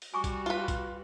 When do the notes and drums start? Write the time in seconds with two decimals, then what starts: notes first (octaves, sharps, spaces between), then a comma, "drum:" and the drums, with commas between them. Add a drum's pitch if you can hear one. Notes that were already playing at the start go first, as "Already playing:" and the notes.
0.02 drum: open hi-hat
0.14 G3 F#4 G#5 C#6 D6
0.24 drum: kick A#1, hi-hat
0.46 F4 B4
0.68 drum: kick A#1, hi-hat